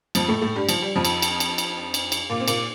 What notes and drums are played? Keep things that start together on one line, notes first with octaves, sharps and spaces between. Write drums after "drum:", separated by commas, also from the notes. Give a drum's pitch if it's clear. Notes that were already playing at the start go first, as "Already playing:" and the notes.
F2 F3, drum: cymbal
A2 A3
A2 A3
G2 G3
F3, drum: cymbal
G3
F2 F3
drum: cymbal
drum: cymbal
drum: cymbal
drum: cymbal
drum: cymbal
drum: cymbal
A#2 A#3
C4
A#2 A#3, drum: cymbal